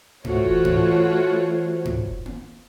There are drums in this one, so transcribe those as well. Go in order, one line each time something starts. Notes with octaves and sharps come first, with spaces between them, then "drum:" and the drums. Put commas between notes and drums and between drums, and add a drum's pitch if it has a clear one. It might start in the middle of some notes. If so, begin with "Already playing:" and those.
E3 A3 F4 F#4 C5 C#5, drum: tom G#2
drum: kick F1
drum: tom G#2
drum: tom G#2
drum: kick F1
drum: tom A#3